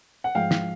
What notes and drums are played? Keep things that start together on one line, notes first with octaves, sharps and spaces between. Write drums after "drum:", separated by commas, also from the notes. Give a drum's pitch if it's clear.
F#5
G#2 F3 G#3 F5 G5
drum: snare